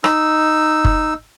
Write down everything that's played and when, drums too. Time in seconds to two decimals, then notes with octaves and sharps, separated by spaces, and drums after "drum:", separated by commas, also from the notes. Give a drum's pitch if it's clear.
0.04 D#4 E6, drum: rim click
0.85 drum: kick